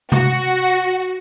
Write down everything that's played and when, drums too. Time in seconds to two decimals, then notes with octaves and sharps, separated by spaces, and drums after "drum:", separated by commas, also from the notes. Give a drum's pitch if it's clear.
0.12 F#4, drum: tom C3